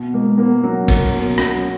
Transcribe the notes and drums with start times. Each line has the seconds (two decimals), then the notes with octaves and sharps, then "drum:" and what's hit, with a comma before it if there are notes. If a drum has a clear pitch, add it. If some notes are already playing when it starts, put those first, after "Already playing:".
Already playing: B2
0.14 G#3 A#3
0.38 A#3 B3
0.63 F#3 C#4
0.88 A#3, drum: kick, cymbal
1.14 B2
1.38 F#3 C#4, drum: rim click
1.54 C#4